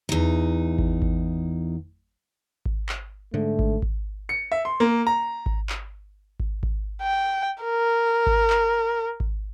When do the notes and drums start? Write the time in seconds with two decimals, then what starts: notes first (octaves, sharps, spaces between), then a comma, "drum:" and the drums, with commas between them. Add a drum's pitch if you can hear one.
0.09 E2 D#4
0.79 drum: kick G#1
1.02 drum: kick G#1
2.66 drum: kick G#1
2.89 drum: clap
3.34 G#2 D3 A3
3.59 drum: kick G#1
3.82 drum: kick G#1
4.29 C#7
4.52 E5
4.65 C6
4.80 A#3
5.07 A#5
5.46 drum: kick G#1
5.69 drum: clap
6.40 drum: kick G#1
6.63 drum: kick G#1
7.02 G5
7.63 A#4
8.27 drum: kick G#1
8.50 drum: clap
9.20 drum: kick G#1